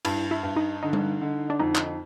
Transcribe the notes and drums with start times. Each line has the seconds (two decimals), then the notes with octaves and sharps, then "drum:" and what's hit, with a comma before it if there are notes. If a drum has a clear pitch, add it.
0.05 G2 E4, drum: cymbal
0.31 E4
0.43 G2
0.56 D#4
0.83 D3 D#4
0.93 drum: tom G3
1.21 D3
1.50 D4
1.59 F2 D#4
1.75 drum: clap